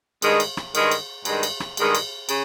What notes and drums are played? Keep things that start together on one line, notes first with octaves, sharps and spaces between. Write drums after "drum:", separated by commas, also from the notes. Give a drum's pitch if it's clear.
G2 D#3 G#3, drum: cymbal
drum: cymbal
drum: rim click
G2 D#3 G#3, drum: cymbal
drum: cymbal
G2 D#3 G#3, drum: cymbal
drum: cymbal
drum: rim click
G2 D#3 G#3, drum: cymbal
drum: cymbal
C#3, drum: cymbal